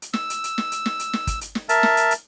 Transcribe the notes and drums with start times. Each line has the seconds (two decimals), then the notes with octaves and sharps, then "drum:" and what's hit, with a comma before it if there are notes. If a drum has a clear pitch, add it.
0.02 drum: hi-hat
0.13 E6, drum: snare
0.30 drum: hi-hat
0.44 drum: hi-hat
0.58 drum: snare
0.72 drum: hi-hat
0.86 drum: snare
0.99 drum: hi-hat
1.13 drum: snare
1.27 drum: kick, hi-hat
1.41 drum: hi-hat
1.55 drum: snare
1.69 A#4 E5 A5, drum: hi-hat
1.83 drum: snare
1.97 drum: hi-hat
2.11 drum: hi-hat